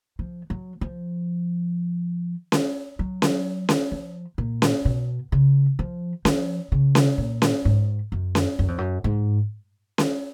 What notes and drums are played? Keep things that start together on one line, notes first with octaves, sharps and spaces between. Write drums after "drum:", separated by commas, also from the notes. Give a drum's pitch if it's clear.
F3
F#3
F3
drum: snare C#4
F#3
drum: snare C#4
drum: snare C#4
F3
A#2
drum: snare C#4
B2
C#3
F3
F3, drum: snare C#4
C#3
drum: snare C#4
A#2
drum: snare C#4
G#2
F#2
drum: snare C#4
F#2
F2
F#2
G#2
drum: snare C#4